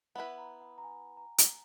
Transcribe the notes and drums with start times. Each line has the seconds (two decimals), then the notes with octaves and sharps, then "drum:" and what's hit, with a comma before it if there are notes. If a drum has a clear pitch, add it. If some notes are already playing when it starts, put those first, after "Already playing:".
0.15 B3 E4 B4 F#5
0.38 A#5
0.61 F#5
0.78 A#5
0.84 G#5
1.17 A#5
1.38 drum: hi-hat